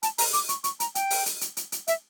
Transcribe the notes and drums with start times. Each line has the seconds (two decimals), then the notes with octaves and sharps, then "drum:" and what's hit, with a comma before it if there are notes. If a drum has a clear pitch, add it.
0.03 A5, drum: hi-hat
0.18 A#5, drum: open hi-hat
0.33 D6, drum: hi-hat
0.49 C#6, drum: hi-hat
0.64 C#6, drum: hi-hat
0.80 A#5, drum: hi-hat
0.95 G5, drum: hi-hat
1.10 drum: open hi-hat
1.26 drum: hi-hat
1.41 drum: hi-hat
1.57 drum: hi-hat
1.72 drum: hi-hat
1.87 E5, drum: hi-hat